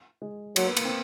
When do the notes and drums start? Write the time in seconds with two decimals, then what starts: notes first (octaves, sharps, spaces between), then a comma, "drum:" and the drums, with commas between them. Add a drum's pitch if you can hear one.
0.22 G#3
0.56 F#3 A#3, drum: cymbal
0.67 B3
0.77 A#3, drum: cymbal
0.85 C4